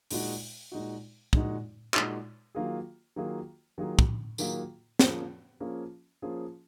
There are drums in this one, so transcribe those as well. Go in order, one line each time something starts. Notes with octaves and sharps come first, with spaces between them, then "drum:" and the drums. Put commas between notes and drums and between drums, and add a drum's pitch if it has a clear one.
A#2 G#3 D#4 F#4, drum: open hi-hat
A#2 G#3 D#4 F#4
A#2 G#3 D#4 F#4, drum: kick
A#2 G#3 D#4 F#4, drum: clap
D#3 F#3 A#3 F4 G#4
D#3 F#3 A#3 F4 G#4
D#3 F#3 A#3 F4 G#4
drum: kick
D#3 F#3 A#3 F4 G#4, drum: tambourine
F3 A#3 C#4 F4 G#4, drum: snare
F3 A#3 C#4 F4 G#4
F3 A#3 C#4 F4 G#4